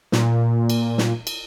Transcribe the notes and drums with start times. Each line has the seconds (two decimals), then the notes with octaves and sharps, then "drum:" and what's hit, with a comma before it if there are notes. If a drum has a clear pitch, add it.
0.12 A#2, drum: snare
0.70 drum: cymbal
0.98 drum: snare
1.27 drum: cymbal